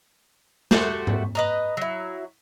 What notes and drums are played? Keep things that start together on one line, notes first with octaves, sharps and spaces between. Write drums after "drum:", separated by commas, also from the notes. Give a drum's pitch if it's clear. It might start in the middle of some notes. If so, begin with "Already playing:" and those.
A3 F#4 G4 C5, drum: snare
drum: tom G#2
B4 D#5 A#5
F#3 E4